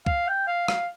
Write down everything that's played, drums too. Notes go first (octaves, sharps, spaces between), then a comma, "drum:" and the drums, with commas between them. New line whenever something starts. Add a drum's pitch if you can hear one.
F5, drum: kick
G5
F5
F5, drum: rim click